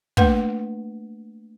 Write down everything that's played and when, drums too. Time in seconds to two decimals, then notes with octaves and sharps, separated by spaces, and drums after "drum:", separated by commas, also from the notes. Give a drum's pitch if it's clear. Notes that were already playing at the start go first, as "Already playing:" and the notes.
0.17 A3 A#3 D4 B4 F#5, drum: kick